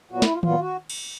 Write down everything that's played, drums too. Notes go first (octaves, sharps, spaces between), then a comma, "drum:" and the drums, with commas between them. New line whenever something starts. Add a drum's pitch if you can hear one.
A#2 F#3 B3 F#4
E4, drum: snare
F4
A#2 F#3 B3 F4, drum: tom D#3
F#4
drum: cymbal